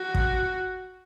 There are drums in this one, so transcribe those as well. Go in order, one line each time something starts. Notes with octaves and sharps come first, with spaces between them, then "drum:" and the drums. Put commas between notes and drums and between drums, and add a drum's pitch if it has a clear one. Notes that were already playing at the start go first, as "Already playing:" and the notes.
Already playing: F#4
drum: kick